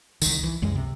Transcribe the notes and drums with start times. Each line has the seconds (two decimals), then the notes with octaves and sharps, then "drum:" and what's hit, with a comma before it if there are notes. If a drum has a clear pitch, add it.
0.22 C2 D#3, drum: tambourine
0.43 E3
0.62 C#2 F#2 G#3
0.75 C3